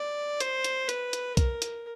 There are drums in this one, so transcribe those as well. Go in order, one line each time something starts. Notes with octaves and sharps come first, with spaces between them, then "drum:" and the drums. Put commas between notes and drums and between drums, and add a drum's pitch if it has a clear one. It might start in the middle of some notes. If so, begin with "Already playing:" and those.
Already playing: D5
C5, drum: hi-hat
drum: hi-hat
B4, drum: hi-hat
drum: hi-hat
A#4, drum: kick B1, hi-hat
drum: hi-hat